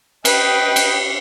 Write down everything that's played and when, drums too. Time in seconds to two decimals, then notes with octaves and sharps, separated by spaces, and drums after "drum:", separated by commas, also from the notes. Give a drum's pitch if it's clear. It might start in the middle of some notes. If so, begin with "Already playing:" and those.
0.25 B4 D#5 G5, drum: cymbal
0.76 drum: cymbal